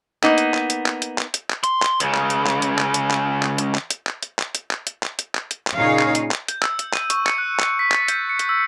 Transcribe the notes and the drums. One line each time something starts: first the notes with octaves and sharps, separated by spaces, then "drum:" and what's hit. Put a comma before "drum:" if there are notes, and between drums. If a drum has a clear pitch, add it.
A#3 B3 D#4, drum: clap
drum: hi-hat
drum: clap
drum: hi-hat
drum: clap
drum: hi-hat
drum: clap
drum: hi-hat
drum: clap
C6, drum: hi-hat
drum: clap
C#2 C#3, drum: hi-hat
drum: clap
drum: hi-hat
drum: clap
drum: hi-hat
drum: clap
drum: hi-hat
drum: clap
drum: clap
drum: hi-hat
drum: clap
drum: hi-hat
drum: clap
drum: hi-hat
drum: clap
drum: hi-hat
drum: clap
drum: hi-hat
drum: clap
drum: hi-hat
drum: clap
drum: hi-hat
drum: clap
A#2 C#3 D#4 G#4 C#5 F5
drum: clap
drum: hi-hat
drum: clap
G6, drum: hi-hat
E6, drum: clap
drum: hi-hat
D#7, drum: clap
C#6, drum: hi-hat
C#7, drum: clap
F#6
drum: clap
B6
A6, drum: clap
G6, drum: hi-hat
C#7
drum: hi-hat
E6